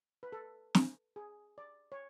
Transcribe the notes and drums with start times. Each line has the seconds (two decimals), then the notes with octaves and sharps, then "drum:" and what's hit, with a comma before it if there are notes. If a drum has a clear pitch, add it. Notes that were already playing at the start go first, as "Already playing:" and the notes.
0.23 B4
0.32 A4
0.75 drum: snare
1.16 G#4
1.58 D5
1.92 C#5